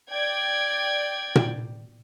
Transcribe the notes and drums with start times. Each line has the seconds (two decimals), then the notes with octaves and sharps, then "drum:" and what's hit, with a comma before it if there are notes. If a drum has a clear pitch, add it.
0.11 D5 G5 G#6
1.35 drum: tom A#2